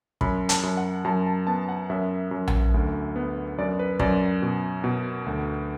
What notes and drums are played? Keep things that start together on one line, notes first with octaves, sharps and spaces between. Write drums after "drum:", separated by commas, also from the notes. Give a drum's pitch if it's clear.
F#2 B5, drum: kick
A5, drum: hi-hat
F#2
F#5
F#2 A5
A5
B3 A5
F#5
F#2 E5
F#2
drum: tom A#1
D2
B3
F#2 D5
B4
F#2 D5, drum: kick
B2
B2
D2